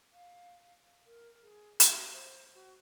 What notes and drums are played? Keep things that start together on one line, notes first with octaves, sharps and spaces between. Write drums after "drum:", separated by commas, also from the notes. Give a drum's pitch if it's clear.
F5
A#4
G#4
F#4, drum: hi-hat
C5
F#4